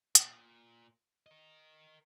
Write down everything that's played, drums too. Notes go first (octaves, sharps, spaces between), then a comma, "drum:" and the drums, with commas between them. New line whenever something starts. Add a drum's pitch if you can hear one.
A#2, drum: hi-hat
A#4 D#5